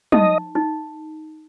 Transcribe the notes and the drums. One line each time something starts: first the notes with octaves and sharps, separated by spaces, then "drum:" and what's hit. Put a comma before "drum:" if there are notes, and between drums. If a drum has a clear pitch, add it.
D#4 D#5, drum: tom
D#4